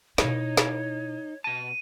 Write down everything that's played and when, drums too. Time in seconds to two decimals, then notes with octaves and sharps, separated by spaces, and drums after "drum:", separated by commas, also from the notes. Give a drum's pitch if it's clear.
0.18 B2 D#4 E4 C#5, drum: snare
0.57 drum: snare
1.44 B2 A5 D#7